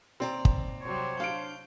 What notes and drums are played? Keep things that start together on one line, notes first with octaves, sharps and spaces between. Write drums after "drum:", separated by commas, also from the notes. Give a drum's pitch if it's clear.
D#2 C4 D5 A#5
drum: kick
C3 F#3 G3 C5 C#5
D4 F5 G6 D7